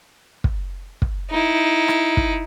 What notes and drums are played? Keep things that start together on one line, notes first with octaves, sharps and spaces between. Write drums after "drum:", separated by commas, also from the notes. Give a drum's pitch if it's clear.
drum: kick
drum: kick
D#4 E4
drum: rim click
drum: kick